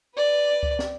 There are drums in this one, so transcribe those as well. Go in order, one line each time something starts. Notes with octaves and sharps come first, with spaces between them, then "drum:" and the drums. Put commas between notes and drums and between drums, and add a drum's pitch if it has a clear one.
B4 D5
drum: kick C#2
drum: snare